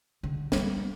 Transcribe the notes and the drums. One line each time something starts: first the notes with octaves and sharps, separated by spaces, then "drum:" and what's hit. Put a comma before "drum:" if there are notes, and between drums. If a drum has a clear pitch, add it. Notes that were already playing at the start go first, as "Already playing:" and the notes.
D3
G3 B3, drum: snare